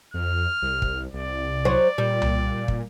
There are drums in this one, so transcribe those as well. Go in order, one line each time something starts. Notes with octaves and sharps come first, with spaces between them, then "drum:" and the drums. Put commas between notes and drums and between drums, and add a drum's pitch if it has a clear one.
F2 F6
C2
drum: kick
C2 D5
F#3 C5
A#2 G3
drum: tom C2
drum: kick